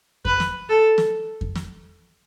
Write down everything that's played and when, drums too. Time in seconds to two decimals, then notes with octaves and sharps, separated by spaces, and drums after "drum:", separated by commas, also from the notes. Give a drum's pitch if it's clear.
0.25 B4, drum: kick F2
0.40 drum: snare
0.69 A4
0.98 drum: snare
1.41 drum: kick F2
1.55 drum: snare